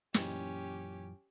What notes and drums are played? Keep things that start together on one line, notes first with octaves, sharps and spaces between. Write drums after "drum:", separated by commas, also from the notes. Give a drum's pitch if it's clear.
F#2 A#2 E3 C#4 G4, drum: snare